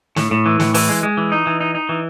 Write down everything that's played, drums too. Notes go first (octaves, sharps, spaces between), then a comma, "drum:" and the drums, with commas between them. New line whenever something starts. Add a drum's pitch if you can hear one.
A2, drum: snare
A2
E3
A2, drum: snare
E3, drum: open hi-hat
G#3
G#3
E3
D#4
E3
D#4
D#4
E3